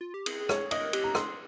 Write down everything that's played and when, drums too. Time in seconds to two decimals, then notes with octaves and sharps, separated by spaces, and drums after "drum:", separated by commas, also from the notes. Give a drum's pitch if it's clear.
0.01 F4
0.14 G4
0.26 G#4, drum: cymbal
0.49 C#5, drum: rim click
0.71 A#4 D#5, drum: cymbal
0.93 G4, drum: cymbal
1.04 A#5
1.15 G#4 C6, drum: rim click